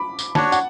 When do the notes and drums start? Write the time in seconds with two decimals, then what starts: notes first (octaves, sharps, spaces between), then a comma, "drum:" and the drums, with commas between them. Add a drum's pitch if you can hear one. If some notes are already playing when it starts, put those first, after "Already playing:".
Already playing: B5 D6
0.19 drum: tambourine
0.35 D4 F#4 C#5 A5, drum: snare
0.52 F#5, drum: tambourine